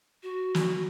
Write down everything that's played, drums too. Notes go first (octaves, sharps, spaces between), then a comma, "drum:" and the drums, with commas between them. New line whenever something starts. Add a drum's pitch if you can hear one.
F#4
drum: snare